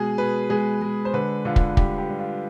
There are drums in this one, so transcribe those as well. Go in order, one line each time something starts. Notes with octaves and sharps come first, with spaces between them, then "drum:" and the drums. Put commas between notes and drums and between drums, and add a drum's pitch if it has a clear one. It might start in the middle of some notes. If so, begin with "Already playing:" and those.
Already playing: B2 G#3 G#4
B2 B4
G#3 G#4
G#3
C5
D3 B4
D3 F4
drum: kick
G3 G4, drum: kick
G4
G3
F4